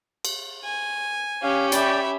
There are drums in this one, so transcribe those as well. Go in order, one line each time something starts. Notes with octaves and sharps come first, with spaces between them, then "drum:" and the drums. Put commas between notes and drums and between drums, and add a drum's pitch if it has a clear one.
drum: cymbal
G#5
C#4 G4 F5
D5 E5 G5 B5, drum: hi-hat